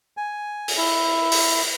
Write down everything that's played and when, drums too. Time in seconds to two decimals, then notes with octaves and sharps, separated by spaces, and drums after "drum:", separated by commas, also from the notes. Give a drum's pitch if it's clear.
0.17 G#5
0.68 drum: open hi-hat
0.77 E4
1.32 drum: open hi-hat